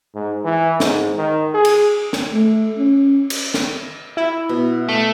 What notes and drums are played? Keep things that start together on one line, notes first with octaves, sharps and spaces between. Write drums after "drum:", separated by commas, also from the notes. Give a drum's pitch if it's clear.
G#2
E3
G#2, drum: snare
D#3
G#4
drum: cymbal
drum: snare
A3
C#4
drum: cymbal
drum: snare
E4
B2
A3